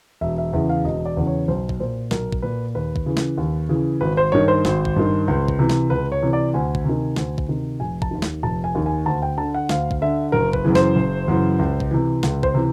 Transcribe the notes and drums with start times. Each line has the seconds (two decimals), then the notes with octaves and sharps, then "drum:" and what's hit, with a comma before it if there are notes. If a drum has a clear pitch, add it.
0.21 E1 E5
0.38 E5
0.53 E2 C#3 E3 E5
0.69 F5
0.84 E1 D#5
1.06 D5
1.17 E2 C#3 E3
1.27 C#5
1.48 B1 C5
1.69 drum: kick
1.80 A#2 C5
2.11 B1 A#4, drum: snare
2.32 drum: kick
2.42 A#2 B4
2.75 D#2 B4
2.96 drum: kick
3.06 C#3 E3
3.17 drum: snare
3.38 D#2
3.69 C#3 E3
4.01 G#1 B4
4.17 C5
4.32 G2 D#3 C#5
4.48 C5
4.65 G#1, drum: snare
4.85 drum: kick
4.96 G2 D#3
5.28 C#2
5.48 drum: kick
5.59 C3 E3
5.70 drum: snare
5.90 C#2 B4
6.12 C#5
6.23 C3 E3
6.33 D5
6.54 D2 G#5
6.75 drum: kick
6.85 C3 D#3
7.16 D2, drum: snare
7.38 drum: kick
7.49 C3 D#3
7.80 F1 G#5
8.02 A5, drum: kick
8.11 D#2 D#3
8.22 drum: snare
8.43 F1 A5
8.64 G#5
8.75 D#2 D#3
8.86 G#5
9.06 D2 A5
9.22 G5
9.38 D3 A5
9.55 F#5
9.69 D2 F5, drum: snare
9.91 drum: kick
10.02 D3 E5
10.32 F#1 A#4
10.53 B4, drum: kick
10.65 F#2 C#3 E3
10.75 C5, drum: snare
10.96 F#1
11.28 F#2 C#3 E3
11.59 C#2
11.80 drum: kick
11.91 C3 E3
12.23 C#2, drum: snare
12.43 C5, drum: kick
12.54 C3 E3